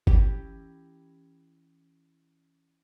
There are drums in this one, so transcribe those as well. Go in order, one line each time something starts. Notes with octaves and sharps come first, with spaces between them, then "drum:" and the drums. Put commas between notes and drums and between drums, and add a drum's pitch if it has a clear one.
E3 C#4 E4 G4, drum: kick G1